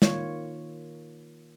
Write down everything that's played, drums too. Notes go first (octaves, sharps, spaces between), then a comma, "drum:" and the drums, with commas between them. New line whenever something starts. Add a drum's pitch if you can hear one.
D#3 A#3 F4 C#5, drum: snare